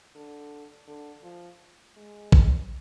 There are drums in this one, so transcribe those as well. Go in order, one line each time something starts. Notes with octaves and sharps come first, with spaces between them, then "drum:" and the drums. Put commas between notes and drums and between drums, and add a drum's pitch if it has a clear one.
D3
D3
F3
G#3
drum: kick